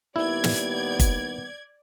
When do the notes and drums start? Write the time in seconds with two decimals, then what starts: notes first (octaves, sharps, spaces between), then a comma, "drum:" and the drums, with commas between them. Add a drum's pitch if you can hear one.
0.16 D#2 D#3 G3 B3 E4 D5 G#6
0.44 drum: snare
0.99 drum: kick, hi-hat